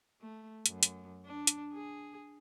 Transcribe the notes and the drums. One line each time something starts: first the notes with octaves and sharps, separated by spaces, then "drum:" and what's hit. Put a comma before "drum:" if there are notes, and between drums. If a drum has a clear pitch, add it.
A3
F#2, drum: hi-hat
drum: hi-hat
D4
drum: hi-hat
G#4